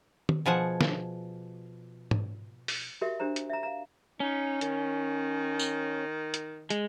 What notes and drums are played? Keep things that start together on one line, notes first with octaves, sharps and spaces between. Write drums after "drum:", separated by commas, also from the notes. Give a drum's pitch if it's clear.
drum: tom D#3
B2 F3 G#4 F#5
drum: snare
drum: tom G#2
drum: open hi-hat
F#4 G4 A#4 D#5 E5
D4 G4 C5 A#5
drum: hi-hat
E5 A#5
F5 A#5
C#4 D#4
D#3, drum: hi-hat
drum: tambourine
drum: hi-hat
G#3, drum: hi-hat